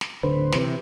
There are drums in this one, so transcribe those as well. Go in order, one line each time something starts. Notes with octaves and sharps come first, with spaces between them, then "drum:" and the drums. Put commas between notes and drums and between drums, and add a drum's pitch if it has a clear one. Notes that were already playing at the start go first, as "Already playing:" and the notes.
drum: snare
D1 D3 B4 C5
C3 E3, drum: snare